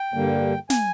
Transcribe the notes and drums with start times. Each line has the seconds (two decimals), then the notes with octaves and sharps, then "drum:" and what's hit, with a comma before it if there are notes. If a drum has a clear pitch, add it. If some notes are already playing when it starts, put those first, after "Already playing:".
Already playing: G5
0.14 G2 D3 G3 A#3
0.70 G#5, drum: snare